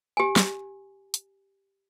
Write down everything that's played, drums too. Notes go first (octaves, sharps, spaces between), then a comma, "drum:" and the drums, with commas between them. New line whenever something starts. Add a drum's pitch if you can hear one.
G4 G#5
drum: snare
drum: hi-hat